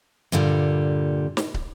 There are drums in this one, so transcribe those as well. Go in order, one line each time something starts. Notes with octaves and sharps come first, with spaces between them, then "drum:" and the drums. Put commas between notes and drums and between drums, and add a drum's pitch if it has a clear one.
G2 A#2 D3 G3
drum: snare
drum: kick